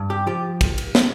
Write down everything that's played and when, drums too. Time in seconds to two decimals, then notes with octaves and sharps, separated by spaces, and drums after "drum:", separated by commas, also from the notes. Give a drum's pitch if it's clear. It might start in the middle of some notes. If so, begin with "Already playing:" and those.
Already playing: G2
0.10 G4
0.27 F3 G4
0.61 drum: kick, cymbal
0.78 drum: cymbal
0.95 drum: snare